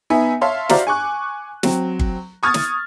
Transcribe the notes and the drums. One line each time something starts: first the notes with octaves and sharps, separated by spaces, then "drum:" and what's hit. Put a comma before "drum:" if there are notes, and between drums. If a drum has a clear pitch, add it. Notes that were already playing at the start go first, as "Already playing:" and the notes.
B3 D#4 E5 G#5
C#5 E5 F5 A5 C6
F#4 C5 D5 E5 F5 A#5, drum: snare
G#5 C#6 D6 F#6
F#3 C4, drum: snare
drum: kick G1
C#6 D#6 F6 G#6 A6
drum: snare